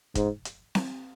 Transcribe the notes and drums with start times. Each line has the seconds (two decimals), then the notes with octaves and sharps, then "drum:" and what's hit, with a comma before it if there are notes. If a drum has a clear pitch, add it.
0.15 G#2, drum: kick, hi-hat
0.45 drum: hi-hat
0.75 drum: snare C4